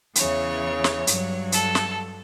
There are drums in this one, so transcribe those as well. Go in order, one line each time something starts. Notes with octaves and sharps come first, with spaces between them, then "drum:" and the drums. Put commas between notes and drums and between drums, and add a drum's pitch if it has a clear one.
E2 C#3 E3 C#5, drum: hi-hat
drum: snare
G2 F#3, drum: hi-hat
A4, drum: hi-hat
drum: snare